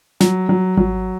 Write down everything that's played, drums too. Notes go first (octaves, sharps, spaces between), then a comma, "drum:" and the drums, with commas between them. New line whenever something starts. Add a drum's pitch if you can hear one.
F#3, drum: snare
F#3
F#3, drum: kick G#1